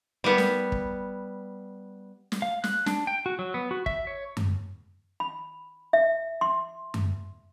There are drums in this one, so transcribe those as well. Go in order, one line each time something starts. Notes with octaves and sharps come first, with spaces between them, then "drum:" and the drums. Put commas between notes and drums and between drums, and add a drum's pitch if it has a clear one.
G3 B3
drum: snare
drum: kick
drum: snare
F5
F#6, drum: snare
D4, drum: snare
G5
F#4
F#3
B3
F#4
E5, drum: kick
C#5
drum: tom F#2
B5
E5
C6
drum: tom F#2